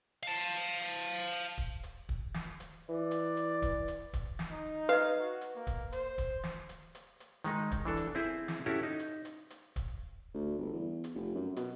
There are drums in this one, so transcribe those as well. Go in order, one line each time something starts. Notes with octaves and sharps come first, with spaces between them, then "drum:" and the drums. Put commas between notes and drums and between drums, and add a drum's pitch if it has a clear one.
F5 A5
drum: hi-hat
drum: hi-hat
drum: hi-hat
drum: hi-hat
drum: kick
drum: hi-hat
drum: kick
drum: snare
drum: hi-hat
E3 D5
drum: hi-hat
drum: hi-hat
drum: kick, hi-hat
drum: hi-hat
drum: kick, hi-hat
drum: snare
D#4
B4 D#5 F5, drum: hi-hat
F#4
drum: hi-hat
A#3
drum: kick, hi-hat
C5, drum: hi-hat
drum: kick, hi-hat
drum: snare
drum: hi-hat
drum: hi-hat
drum: hi-hat
D#3 G#3 D#4, drum: hi-hat
drum: kick, hi-hat
E3 D4 A4
drum: hi-hat
C4 E4 G#4 C5
drum: snare
C#4 E4 F#4 G4 A4
D#4
drum: hi-hat
drum: hi-hat
drum: hi-hat
drum: kick, hi-hat
D2
G1
E2
drum: hi-hat
F1
F#2
B2, drum: hi-hat